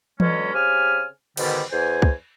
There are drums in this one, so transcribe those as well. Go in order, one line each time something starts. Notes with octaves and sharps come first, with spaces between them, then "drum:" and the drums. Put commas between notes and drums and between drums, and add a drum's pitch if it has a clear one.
B2 D3 F#3 G#3 C#4, drum: tom E3
C#3 C4 G4 G#5 F6
G#2 B2 D3 D#3 G3, drum: cymbal
E2 C5 G#5
drum: kick